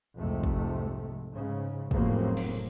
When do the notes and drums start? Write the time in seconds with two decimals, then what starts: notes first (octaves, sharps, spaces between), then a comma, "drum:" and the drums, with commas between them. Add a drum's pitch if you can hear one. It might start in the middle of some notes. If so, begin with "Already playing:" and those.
0.16 C2 F2 G#2 C3 A3
0.44 drum: kick
1.34 G#2 C#3
1.91 F1 A2 C#3 F#3 A#3 C4, drum: kick
2.37 drum: cymbal